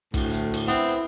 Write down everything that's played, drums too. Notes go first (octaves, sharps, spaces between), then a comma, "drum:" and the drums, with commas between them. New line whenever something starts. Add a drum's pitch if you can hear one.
D2 A2, drum: kick, open hi-hat
drum: hi-hat
drum: open hi-hat
B3 C4 E4